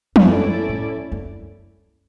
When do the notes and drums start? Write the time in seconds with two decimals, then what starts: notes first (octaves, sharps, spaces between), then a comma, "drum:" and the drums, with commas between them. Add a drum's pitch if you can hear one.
0.16 E2, drum: tom
0.24 F#2 C#4 E4 A4 D5
0.69 A2
1.12 F#2